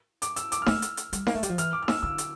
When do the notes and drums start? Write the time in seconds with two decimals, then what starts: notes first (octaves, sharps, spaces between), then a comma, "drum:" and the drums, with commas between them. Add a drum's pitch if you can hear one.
0.22 D6, drum: hi-hat
0.36 E6, drum: hi-hat
0.52 D6, drum: hi-hat
0.62 F6
0.66 A3 E6, drum: snare D#4
0.82 drum: hi-hat
0.97 drum: hi-hat
1.13 G3, drum: hi-hat
1.27 A#3, drum: snare D#4
1.35 A3
1.43 G3, drum: hi-hat
1.49 F3
1.58 E3 F6, drum: hi-hat
1.73 D6
1.83 F6
1.88 E6, drum: snare D#4
2.03 D3 E6
2.18 drum: hi-hat